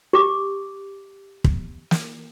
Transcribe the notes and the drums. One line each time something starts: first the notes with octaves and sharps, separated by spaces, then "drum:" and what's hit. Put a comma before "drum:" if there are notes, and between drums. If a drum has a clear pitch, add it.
G4 D6
drum: kick
drum: snare